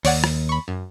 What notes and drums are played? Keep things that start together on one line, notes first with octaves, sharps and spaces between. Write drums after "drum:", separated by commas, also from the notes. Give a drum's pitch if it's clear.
D#2 C#5 D5 F#5, drum: open hi-hat
drum: rim click
B5 C#6
F#2